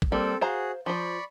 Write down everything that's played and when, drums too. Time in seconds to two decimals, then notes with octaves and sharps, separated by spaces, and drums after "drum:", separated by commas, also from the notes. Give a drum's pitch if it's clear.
0.02 drum: kick
0.12 G3 A#3 C4 A4
0.41 F#4 G#4 C5 F5 A#5
0.86 F3 C5 D5 B5 C#6